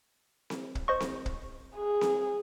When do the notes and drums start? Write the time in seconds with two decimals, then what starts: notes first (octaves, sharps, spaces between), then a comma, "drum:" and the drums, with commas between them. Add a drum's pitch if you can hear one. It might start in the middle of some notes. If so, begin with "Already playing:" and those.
0.50 drum: snare C4
0.75 drum: kick
0.88 C5 D#5 C#6
1.00 drum: snare C4
1.26 drum: kick
1.76 G#4
2.01 drum: snare C4